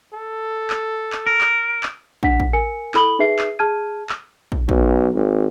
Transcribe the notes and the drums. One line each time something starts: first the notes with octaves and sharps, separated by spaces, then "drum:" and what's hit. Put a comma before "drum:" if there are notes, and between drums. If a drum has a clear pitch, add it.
A4
drum: clap
drum: clap
A#4
drum: clap
drum: clap
D4 F#5 B6, drum: kick
drum: kick
A#4 G#5 C#7
E4 A4 B5 D#6 F#7 G7, drum: clap
D#4 G#4 B4 E5 C7
drum: clap
G#4 A5 F6 G#6 D#7
drum: clap
drum: kick
B1, drum: kick
G#1